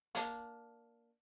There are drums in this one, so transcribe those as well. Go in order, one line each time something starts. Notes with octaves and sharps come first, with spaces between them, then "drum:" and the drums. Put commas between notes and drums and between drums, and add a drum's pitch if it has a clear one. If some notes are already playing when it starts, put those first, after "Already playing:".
A#3 D4, drum: hi-hat